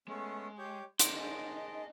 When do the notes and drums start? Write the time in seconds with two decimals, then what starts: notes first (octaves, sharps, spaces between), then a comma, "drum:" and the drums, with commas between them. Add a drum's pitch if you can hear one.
0.08 G#3 A3 B3 C#4
0.58 G4 C#5 G5
0.99 D#4 A#4 C5 D#6, drum: hi-hat
1.16 G#4 D#5 A5